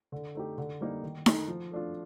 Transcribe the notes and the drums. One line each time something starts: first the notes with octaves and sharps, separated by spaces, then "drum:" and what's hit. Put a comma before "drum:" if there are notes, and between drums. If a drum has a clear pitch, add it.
D3
A3 D#4 G4
D3
G3 A#3 D#4
D#3
A3 D#4, drum: snare D#4
F3
A3 D4 F4